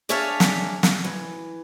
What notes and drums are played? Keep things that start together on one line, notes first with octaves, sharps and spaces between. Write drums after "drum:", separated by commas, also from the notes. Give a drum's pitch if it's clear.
D4 G#4 C#5 E5 F5 A5
drum: snare
drum: snare
E3